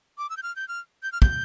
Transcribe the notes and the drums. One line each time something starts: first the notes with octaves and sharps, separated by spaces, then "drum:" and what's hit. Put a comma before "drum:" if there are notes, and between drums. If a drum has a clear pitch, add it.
D6
E6
G6
F6
G6
F6
G6
F6
G6, drum: kick